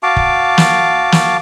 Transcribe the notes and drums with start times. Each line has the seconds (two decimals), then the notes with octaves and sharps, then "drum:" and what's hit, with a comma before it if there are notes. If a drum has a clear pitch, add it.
0.03 F#4 F5 A5 D6
0.16 drum: kick
0.58 drum: snare
1.12 drum: snare